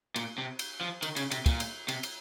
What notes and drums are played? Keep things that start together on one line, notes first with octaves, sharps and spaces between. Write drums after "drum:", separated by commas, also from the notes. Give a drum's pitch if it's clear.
A#2, drum: cymbal
C3
drum: cymbal
F3
D#3, drum: cymbal
C#3, drum: cymbal
C3, drum: cymbal
A#2, drum: kick, cymbal
drum: cymbal
C3, drum: cymbal
drum: cymbal